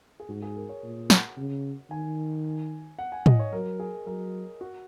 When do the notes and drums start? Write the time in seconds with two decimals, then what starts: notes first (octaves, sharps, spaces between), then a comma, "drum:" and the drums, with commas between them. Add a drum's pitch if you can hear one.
0.20 G#4
0.29 G#2 F#4
0.42 G#4
0.56 A#4
0.69 C#5
0.83 A#2
1.10 F#5, drum: snare
1.37 C#3
1.91 D#3 G#5
2.99 F#5
3.12 G#5
3.26 D#5, drum: tom
3.39 C#5
3.53 F#3 A#4
3.80 G#4
4.07 F#3 A#4
4.61 F#4